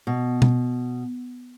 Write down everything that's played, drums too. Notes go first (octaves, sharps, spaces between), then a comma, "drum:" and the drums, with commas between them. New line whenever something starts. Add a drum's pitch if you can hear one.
B2
drum: tom B2